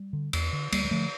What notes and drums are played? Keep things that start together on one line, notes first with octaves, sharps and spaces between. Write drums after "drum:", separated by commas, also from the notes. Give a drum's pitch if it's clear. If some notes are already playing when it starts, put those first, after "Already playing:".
Already playing: G3
D3
E2, drum: cymbal
D3
D2 G3 A#3, drum: cymbal
G3
D3 F3 A3